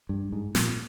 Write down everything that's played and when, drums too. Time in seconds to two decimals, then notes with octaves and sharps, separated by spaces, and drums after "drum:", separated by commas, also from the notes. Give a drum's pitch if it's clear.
0.09 G2
0.32 G#2
0.55 A#2, drum: snare